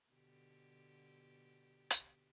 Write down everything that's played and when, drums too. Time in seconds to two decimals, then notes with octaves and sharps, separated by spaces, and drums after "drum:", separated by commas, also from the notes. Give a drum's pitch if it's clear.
0.12 B2 D3 G4
1.90 drum: hi-hat